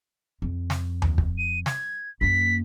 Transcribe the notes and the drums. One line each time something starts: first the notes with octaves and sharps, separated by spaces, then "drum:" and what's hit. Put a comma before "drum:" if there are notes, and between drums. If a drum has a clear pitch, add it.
F2
drum: snare
drum: tom D#2
drum: kick
D#7
G#6, drum: snare
F#2 A#3 B6